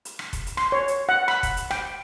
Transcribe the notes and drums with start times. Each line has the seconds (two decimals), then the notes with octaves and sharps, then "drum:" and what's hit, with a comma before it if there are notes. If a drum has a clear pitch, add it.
0.05 drum: hi-hat
0.19 drum: rim click
0.33 drum: kick F1, hi-hat
0.47 drum: hi-hat
0.57 C6, drum: rim click
0.72 C#5
0.88 drum: hi-hat
1.09 F#5
1.28 B5, drum: rim click
1.43 drum: kick F1, hi-hat
1.57 drum: hi-hat
1.71 G5, drum: rim click